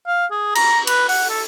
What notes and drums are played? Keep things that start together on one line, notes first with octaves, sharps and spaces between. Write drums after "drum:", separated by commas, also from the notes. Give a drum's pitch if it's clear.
F5
G#4
A#5, drum: cymbal
B4, drum: cymbal
F#5, drum: open hi-hat
A4